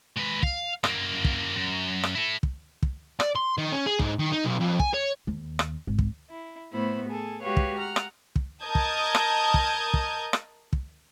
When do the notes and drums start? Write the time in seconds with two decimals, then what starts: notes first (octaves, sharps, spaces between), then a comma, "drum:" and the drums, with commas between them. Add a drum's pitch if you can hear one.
0.17 G#3 B4
0.43 F5, drum: kick
0.84 F#2 A#3, drum: rim click
1.24 drum: kick
1.56 F#2
2.04 drum: rim click
2.15 E4 A4
2.43 drum: kick
2.83 drum: kick
3.20 D5, drum: rim click
3.35 C6
3.58 D#3
3.72 C#4
3.86 G#4
3.99 G#2, drum: kick
4.19 D#3
4.32 D#4
4.44 B1
4.60 F2
4.79 G#5, drum: kick
4.94 C#5
5.27 D#2
5.59 drum: rim click
5.87 G#1
5.99 drum: kick
6.30 E4
6.72 A2 A3 B3 E4 C5 B5
7.10 G#4 A4 G#5
7.42 G#3 F#4 G4 B4 C#5 F5
7.57 drum: kick
7.76 F#5 A#5 F6
7.96 drum: rim click
8.36 drum: kick
8.63 A#4 D#5 A5 D#6 G6 G#6
8.75 drum: kick
9.15 drum: rim click
9.54 drum: kick
9.94 drum: kick
10.33 drum: rim click
10.73 drum: kick